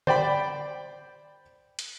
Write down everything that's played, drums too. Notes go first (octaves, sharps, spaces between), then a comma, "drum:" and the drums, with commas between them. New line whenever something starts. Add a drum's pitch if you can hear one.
C5 D5 G5 B5, drum: tom
drum: hi-hat